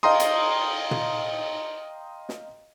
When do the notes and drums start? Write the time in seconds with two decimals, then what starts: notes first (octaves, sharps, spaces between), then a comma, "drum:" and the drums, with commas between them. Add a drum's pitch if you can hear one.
0.03 D#5 F5 G5 A#5 C6 D#6, drum: cymbal
0.20 drum: hi-hat
0.91 drum: tom
2.29 drum: snare